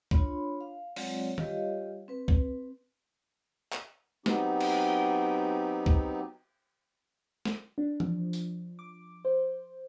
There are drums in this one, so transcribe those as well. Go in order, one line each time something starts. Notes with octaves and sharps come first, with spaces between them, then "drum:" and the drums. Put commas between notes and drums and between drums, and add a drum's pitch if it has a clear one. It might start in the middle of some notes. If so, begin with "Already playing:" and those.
D4 F4 C#5 B5 C6, drum: kick
F5
F#3 G#3 C4 F4 C#5 D5, drum: open hi-hat
G3 F4 G4 C#5 D#5 F5, drum: tom
C4 B4
drum: kick
drum: clap
F#3 B3 C4 D#4 G4, drum: snare
drum: cymbal
drum: kick
drum: snare
D4
F3, drum: tom E3
drum: tambourine
D6
C5